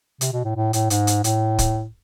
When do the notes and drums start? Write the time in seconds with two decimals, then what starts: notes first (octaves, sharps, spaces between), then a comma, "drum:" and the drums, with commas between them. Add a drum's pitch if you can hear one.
0.21 C3, drum: hi-hat
0.33 B2
0.44 A2
0.56 A2
0.73 A2, drum: hi-hat
0.90 G#2, drum: hi-hat
1.07 drum: hi-hat
1.24 A2, drum: hi-hat
1.58 drum: kick, hi-hat